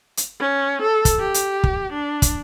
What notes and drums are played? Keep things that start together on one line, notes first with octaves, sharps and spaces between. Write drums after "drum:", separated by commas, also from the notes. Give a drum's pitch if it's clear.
drum: hi-hat
C#4
A4
drum: kick, hi-hat
G4
drum: hi-hat
drum: kick
D4
drum: kick, hi-hat